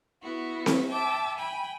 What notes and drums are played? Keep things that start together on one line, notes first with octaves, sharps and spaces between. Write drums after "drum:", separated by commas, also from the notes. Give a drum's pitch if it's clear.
B3 E4 F#4
drum: snare C4
E5 G5 A5 D6
G5 G#5 B5